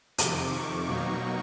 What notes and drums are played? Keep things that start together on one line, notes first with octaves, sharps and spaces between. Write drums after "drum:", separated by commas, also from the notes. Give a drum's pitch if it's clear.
F2 C3 D#3 D6, drum: hi-hat
C#6
B2 F#3 A#3 D#4